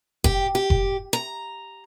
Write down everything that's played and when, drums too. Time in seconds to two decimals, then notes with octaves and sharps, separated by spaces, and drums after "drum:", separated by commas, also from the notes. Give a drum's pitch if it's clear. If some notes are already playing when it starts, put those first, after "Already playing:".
0.24 G4, drum: kick F1
0.55 G4
0.70 drum: kick F1
1.13 A#5